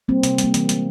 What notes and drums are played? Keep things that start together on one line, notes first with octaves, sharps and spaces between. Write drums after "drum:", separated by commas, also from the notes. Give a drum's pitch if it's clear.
G3 A#3 C4
C3, drum: hi-hat
G3, drum: hi-hat
A#3
E3, drum: hi-hat
G#3, drum: hi-hat